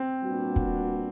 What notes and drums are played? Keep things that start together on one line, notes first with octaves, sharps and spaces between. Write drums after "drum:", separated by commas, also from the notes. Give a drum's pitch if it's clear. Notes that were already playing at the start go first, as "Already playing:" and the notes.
Already playing: C4
A#2 G3 B3 D4 F#4
drum: kick